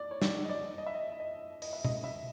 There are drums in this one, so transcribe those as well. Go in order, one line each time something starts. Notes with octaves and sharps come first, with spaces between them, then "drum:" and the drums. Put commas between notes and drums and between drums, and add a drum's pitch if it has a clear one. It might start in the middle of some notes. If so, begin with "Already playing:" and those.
Already playing: D5
C#5
D5, drum: snare
D#5
D5
D#5
E5
D#5
D#5
D#5, drum: open hi-hat
E5
D#5, drum: tom B2
E5